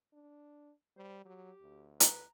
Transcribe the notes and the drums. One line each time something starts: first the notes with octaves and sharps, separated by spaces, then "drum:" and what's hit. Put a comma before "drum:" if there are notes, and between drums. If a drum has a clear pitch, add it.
D4
G3 C5
F#3 G4
D2
B4 A#5, drum: hi-hat